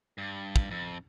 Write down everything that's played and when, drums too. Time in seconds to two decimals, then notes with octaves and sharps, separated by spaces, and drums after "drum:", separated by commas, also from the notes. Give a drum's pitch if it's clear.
0.18 G2
0.56 drum: kick
0.71 F2